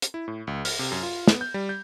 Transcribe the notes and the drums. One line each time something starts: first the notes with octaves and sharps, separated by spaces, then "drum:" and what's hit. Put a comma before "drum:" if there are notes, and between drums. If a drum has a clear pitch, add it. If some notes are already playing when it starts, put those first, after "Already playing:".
drum: hi-hat
E4
A2
C#2
F6, drum: open hi-hat
C3
F#2
F4
B3, drum: snare
G6
G3
G6